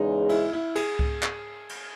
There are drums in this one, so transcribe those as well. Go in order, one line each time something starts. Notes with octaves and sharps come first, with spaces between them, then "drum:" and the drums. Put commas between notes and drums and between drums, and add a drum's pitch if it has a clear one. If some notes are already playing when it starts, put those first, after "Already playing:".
Already playing: E2 C#3 G#3 D#4
E4, drum: cymbal
E4
G#4, drum: cymbal
drum: kick C#2
drum: clap
drum: cymbal